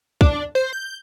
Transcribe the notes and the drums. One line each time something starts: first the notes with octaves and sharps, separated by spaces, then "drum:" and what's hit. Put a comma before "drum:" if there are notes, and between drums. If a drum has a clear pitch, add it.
D4, drum: kick
C5
G6